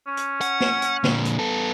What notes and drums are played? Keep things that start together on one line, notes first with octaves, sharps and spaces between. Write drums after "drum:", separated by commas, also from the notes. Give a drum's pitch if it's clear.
C#4
drum: hi-hat
F#5, drum: hi-hat
drum: snare
drum: hi-hat
A#2 D3, drum: snare
drum: hi-hat
B3 A4